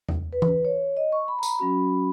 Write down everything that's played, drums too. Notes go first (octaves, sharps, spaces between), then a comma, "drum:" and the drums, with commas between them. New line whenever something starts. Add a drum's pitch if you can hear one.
drum: tom E2
B4
drum: tom E3
C#5
D#5
C#6
B5
A#5
B5, drum: tambourine
F#3 C#4 F#4 B5